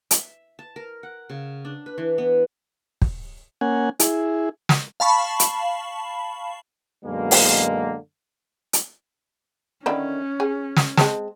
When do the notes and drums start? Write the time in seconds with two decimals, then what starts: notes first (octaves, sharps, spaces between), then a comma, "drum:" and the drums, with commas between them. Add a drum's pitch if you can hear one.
0.11 E5, drum: hi-hat
0.59 A5
0.76 A#4
1.03 F#5
1.30 C#3
1.65 D4
1.86 B4
1.98 E3
2.18 B3
3.02 drum: kick
3.61 A#3 C#4 F#5 G#5
4.00 E4 G#4, drum: hi-hat
4.69 drum: snare
5.00 F5 A5 B5 C#6
5.40 drum: hi-hat
7.05 F#2 B2 D3 G#3 A#3
7.31 drum: open hi-hat
8.73 drum: hi-hat
9.86 D3 D#3 C#4 E4
10.40 G#4
10.76 drum: snare
10.97 G#3 C4 A5, drum: snare